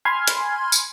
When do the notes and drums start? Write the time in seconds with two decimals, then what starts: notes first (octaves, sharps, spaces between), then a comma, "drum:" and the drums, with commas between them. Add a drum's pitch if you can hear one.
0.05 G#5 B5 C6 F6 G#6
0.27 drum: hi-hat
0.72 drum: tambourine